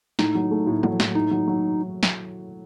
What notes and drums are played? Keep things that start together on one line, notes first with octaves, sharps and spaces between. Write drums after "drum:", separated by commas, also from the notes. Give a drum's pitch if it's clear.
A2 D#4, drum: snare
F#3
A3
A2
F#3, drum: tom
A2, drum: snare
A2 D#4
F#3
F#3
drum: snare